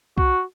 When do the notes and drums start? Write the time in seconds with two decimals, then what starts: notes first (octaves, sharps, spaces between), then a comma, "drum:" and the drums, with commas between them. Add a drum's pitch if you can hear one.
0.18 F#4, drum: kick C2